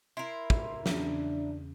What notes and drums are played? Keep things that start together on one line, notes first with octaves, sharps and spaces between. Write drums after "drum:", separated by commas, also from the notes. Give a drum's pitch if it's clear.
E4 A#4 C6
drum: kick
E2 C#3 D4, drum: snare